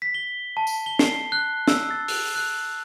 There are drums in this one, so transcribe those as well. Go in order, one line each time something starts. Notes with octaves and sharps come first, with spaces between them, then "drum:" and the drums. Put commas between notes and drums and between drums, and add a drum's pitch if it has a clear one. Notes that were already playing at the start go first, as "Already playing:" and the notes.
B6
G7
A5
drum: tambourine
G7
C7, drum: snare
F#6
E6, drum: snare
A6
F#6, drum: open hi-hat
F#6